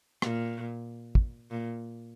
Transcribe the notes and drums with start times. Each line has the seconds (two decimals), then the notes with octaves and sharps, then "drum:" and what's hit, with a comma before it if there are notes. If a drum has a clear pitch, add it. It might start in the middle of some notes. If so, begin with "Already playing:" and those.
0.22 A#2, drum: rim click
1.15 drum: kick
1.51 A#2